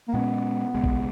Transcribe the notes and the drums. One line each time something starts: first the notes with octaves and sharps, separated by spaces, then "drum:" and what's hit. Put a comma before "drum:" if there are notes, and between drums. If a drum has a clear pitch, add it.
A#3
A#2 G#3 B3 C#4
C#2 B2 G#3
drum: kick A#1